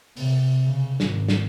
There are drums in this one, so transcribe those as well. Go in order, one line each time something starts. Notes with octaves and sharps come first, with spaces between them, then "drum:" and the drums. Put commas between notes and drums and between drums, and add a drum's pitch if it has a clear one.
C3, drum: open hi-hat
C#3
G#1, drum: snare
drum: snare